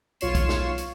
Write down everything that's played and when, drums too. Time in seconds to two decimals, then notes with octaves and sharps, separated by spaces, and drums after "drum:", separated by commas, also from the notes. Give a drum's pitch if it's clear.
0.20 B1 F4 C#5 C#6 C7 E7, drum: hi-hat
0.35 drum: kick, hi-hat
0.49 drum: snare
0.78 drum: hi-hat